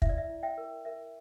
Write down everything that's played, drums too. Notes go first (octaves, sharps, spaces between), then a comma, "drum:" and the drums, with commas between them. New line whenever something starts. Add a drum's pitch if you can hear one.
E4 E5, drum: kick
D5
E5
E4
E5 G5
A#4
A#4 E5